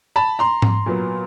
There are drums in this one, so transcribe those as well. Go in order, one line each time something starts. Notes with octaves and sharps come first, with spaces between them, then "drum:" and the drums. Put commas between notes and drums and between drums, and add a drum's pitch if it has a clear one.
A5 B5
A#5 C6
drum: tom G#2
A#2 F#3 B3